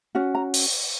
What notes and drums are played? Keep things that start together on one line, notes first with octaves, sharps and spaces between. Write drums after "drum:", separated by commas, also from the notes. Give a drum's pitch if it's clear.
C#4 F#4
A#5
drum: open hi-hat